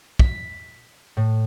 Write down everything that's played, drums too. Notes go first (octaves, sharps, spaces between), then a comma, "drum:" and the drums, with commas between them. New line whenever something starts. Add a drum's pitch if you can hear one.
B6, drum: kick
A2